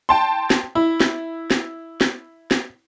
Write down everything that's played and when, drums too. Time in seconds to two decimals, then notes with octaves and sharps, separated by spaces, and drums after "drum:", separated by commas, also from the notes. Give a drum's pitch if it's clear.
0.09 G5 A5 C6
0.50 drum: snare
0.75 E4
1.00 drum: snare
1.51 drum: snare
2.01 drum: snare
2.51 drum: snare